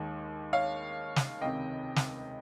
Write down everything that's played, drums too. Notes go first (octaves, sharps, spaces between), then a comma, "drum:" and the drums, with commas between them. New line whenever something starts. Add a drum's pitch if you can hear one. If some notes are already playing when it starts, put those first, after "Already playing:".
Already playing: D#2 D#3 G#3
C#5 F5
drum: snare
C#2 C3 D#3 D#5 G5
drum: snare